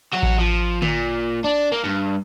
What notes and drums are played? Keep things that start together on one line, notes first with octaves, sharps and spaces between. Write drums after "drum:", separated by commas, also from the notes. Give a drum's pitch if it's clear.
F#3 F#4
drum: kick A1
F3
A#2, drum: tom D3
D4
A#3
G2